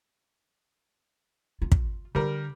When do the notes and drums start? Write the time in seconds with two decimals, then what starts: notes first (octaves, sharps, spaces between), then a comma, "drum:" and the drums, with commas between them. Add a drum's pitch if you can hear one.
1.62 F4
1.72 drum: kick
2.15 D3 G3 A#4